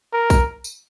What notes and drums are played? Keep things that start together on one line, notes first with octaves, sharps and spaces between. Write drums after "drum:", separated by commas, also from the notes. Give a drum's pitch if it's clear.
A#4
drum: kick, tambourine
drum: tambourine